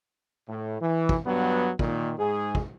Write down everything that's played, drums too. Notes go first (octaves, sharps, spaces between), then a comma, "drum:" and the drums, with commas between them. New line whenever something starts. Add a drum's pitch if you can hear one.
A2
E3
drum: kick
G2 F#3 B3
A#2 D#3, drum: kick
G#2 G#4
drum: kick